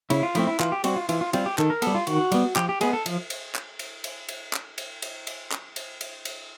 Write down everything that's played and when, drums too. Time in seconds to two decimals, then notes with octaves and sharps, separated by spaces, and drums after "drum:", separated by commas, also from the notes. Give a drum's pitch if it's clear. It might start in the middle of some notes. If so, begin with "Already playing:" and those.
0.10 C#3 E4, drum: cymbal
0.23 F4
0.35 F3 A3 C4 E4, drum: cymbal
0.47 E4
0.60 E3 F4, drum: clap
0.72 G4
0.84 G3 C4 F#4, drum: cymbal
0.96 F4
1.09 E3 F4, drum: cymbal
1.21 F4
1.33 G3 C4 F4, drum: cymbal
1.46 G4
1.58 D#3 A4, drum: clap
1.70 A#4
1.82 G3 B3 A4, drum: cymbal
1.95 F4
2.07 D#3 F#4, drum: cymbal
2.32 G3 B3, drum: cymbal
2.56 F3 G4, drum: clap
2.69 G4
2.81 G#3 B3 G#4, drum: cymbal
2.93 A4
3.06 F3, drum: cymbal
3.30 drum: cymbal
3.55 drum: clap
3.79 drum: cymbal
4.04 drum: cymbal
4.29 drum: cymbal
4.53 drum: clap
4.78 drum: cymbal
5.02 drum: cymbal
5.27 drum: cymbal
5.52 drum: clap
5.76 drum: cymbal
6.01 drum: cymbal
6.25 drum: cymbal